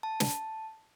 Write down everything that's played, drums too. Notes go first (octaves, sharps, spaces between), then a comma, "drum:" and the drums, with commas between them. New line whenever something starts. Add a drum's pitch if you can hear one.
A5
drum: snare